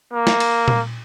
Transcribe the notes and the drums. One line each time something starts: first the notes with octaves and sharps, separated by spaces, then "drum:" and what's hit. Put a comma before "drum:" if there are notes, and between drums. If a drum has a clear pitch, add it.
A#3
drum: snare
drum: cymbal
drum: tom A#2